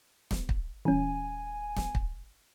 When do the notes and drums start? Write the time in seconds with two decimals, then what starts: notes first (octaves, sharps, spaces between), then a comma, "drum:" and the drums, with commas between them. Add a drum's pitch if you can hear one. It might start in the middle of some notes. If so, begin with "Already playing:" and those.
0.31 drum: snare
0.49 drum: kick
0.85 D#1 E3 C#4 G#5
1.76 drum: snare
1.95 drum: kick